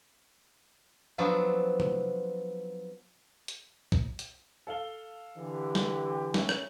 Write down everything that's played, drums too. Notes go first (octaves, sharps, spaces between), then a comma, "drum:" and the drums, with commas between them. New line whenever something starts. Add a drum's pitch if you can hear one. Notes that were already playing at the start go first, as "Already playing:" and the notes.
F3 F#3 B3 C4 D4
drum: tom C3
drum: hi-hat
drum: kick
drum: hi-hat
A4 F5 G7
D3 E3 G4
G6, drum: snare
C#4 E5, drum: snare
drum: rim click